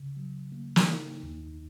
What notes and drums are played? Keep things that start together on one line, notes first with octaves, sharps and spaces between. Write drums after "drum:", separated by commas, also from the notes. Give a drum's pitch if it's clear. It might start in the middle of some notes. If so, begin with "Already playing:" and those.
Already playing: C#3
F#3
A#3
drum: snare
D#4
D#2